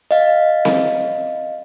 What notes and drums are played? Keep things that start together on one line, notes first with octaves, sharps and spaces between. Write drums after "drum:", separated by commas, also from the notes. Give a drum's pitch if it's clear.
D#5 F5
drum: snare C4